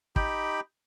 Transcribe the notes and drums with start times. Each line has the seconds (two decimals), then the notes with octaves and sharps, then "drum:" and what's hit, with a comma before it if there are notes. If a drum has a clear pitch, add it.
0.16 D#4 G4 G5 B5, drum: kick